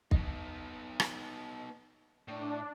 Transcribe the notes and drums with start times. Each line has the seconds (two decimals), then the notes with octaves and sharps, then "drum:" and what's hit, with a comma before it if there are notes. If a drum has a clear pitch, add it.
0.11 B3 D#4, drum: kick
1.00 drum: rim click
2.28 A2 D4